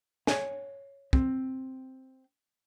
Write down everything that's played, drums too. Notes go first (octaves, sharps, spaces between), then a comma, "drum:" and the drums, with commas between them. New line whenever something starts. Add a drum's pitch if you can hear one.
C#5 G#5, drum: snare
C4, drum: kick